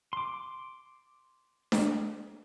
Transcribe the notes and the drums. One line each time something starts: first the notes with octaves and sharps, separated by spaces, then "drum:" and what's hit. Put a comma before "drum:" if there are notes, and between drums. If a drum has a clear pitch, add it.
C6 D6
drum: snare D4